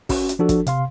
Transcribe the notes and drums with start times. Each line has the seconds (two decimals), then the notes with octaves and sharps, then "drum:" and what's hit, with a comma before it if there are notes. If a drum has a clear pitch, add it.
0.09 C#4 F#4, drum: kick, open hi-hat
0.29 drum: hi-hat
0.39 F3 D4 F#4 A4
0.49 drum: kick, hi-hat
0.66 C3 F5 C6, drum: hi-hat